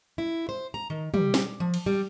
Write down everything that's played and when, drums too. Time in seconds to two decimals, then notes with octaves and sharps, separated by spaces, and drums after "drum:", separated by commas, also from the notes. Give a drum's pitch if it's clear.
0.18 E4
0.49 C5
0.74 A#5
0.90 D#3
1.14 G3, drum: tom
1.34 drum: snare
1.60 F3
1.74 drum: cymbal
1.86 G3